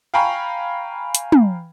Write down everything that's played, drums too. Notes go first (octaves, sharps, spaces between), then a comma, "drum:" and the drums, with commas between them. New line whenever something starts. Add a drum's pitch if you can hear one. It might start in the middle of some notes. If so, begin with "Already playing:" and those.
F5 G5 G#5 A#5 B5 C#6
drum: hi-hat
drum: tom